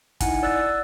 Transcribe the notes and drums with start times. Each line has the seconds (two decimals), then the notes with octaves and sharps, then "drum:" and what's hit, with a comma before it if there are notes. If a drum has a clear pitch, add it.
0.20 D#4 E4 F#5 G#5, drum: kick, hi-hat
0.43 D5 E6 F#6 A6